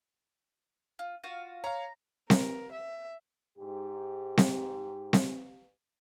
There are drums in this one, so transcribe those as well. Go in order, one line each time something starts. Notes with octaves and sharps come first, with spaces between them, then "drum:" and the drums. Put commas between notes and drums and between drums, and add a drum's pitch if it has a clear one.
F4
F4 F#4 F5
C#5 F5 A#5
A#4, drum: snare C4
E5
G#2 G4
drum: snare C4
drum: snare C4